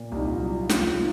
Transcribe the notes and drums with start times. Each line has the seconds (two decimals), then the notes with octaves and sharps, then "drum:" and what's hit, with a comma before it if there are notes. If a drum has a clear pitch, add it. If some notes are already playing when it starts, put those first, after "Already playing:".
Already playing: A#2
0.12 C2 D#4
0.26 F4
0.41 F#3
0.69 C2 F4, drum: snare
0.97 D#3